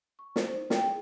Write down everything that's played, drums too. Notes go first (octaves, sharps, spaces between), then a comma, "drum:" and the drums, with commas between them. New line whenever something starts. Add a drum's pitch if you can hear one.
C#6
C5, drum: snare
D#4
G5, drum: snare
G#4